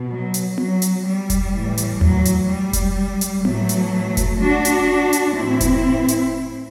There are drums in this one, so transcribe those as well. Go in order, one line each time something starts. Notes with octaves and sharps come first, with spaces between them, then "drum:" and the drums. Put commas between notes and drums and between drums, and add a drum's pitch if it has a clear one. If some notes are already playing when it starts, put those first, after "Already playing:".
Already playing: B2
F#3
drum: hi-hat
F#3, drum: tom B3
drum: hi-hat
G3
drum: kick F1, hi-hat
A2 E3
drum: hi-hat
F#3, drum: tom D#2
drum: hi-hat
G3
drum: kick F1, hi-hat
drum: hi-hat
A2 E3 F#3 A3, drum: tom B3
drum: hi-hat
drum: kick F1, hi-hat
D4 F#4
drum: hi-hat
drum: hi-hat
A2 E3 C4 E4
drum: kick F1, hi-hat
drum: hi-hat